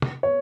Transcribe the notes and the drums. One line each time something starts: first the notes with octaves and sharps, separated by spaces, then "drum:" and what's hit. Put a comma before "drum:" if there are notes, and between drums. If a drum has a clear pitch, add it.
drum: tom
C#5